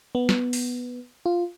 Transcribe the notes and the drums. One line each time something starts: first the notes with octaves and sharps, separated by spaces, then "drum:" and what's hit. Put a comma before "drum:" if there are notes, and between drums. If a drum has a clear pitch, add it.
B3
drum: snare
drum: open hi-hat
F4